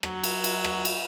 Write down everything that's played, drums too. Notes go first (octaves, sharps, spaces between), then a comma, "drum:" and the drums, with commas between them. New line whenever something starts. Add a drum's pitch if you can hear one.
F#3, drum: rim click
drum: cymbal
drum: cymbal
drum: rim click
drum: cymbal